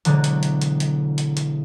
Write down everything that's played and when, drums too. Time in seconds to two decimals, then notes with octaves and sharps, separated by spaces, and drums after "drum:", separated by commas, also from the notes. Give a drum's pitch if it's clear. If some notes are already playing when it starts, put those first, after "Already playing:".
0.05 E1 D3 F#3 G#3 D5 A#5, drum: hi-hat
0.24 drum: hi-hat
0.43 drum: hi-hat
0.62 drum: hi-hat
0.80 drum: hi-hat
1.18 drum: hi-hat
1.37 drum: hi-hat